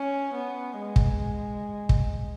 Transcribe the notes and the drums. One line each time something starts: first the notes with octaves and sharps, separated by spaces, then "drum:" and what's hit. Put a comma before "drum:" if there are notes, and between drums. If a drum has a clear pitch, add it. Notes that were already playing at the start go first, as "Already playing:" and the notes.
Already playing: C#4
B3
G#3
drum: kick
drum: kick